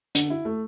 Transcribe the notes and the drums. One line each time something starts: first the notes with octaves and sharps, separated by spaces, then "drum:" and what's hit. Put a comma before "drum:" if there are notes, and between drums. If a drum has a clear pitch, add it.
D3, drum: hi-hat
E4
A3